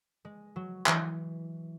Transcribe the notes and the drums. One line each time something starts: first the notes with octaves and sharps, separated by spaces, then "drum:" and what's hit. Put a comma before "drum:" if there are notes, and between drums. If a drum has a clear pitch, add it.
G#3
F#3
E3, drum: clap